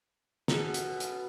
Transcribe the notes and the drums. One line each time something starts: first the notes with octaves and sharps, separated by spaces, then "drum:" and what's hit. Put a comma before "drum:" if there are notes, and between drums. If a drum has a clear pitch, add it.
B2 C#4 F#4 G#4 A4 A#5, drum: snare
drum: hi-hat
drum: hi-hat